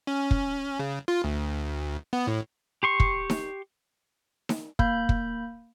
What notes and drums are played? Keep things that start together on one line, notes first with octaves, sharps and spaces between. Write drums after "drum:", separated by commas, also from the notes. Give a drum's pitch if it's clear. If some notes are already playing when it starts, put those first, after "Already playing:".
C#4
drum: kick
C#3
F4
D2
B3
A2
G4 C6 C#6
drum: kick
drum: snare D#4
drum: snare D#4
A#3 B5 G6, drum: kick
drum: kick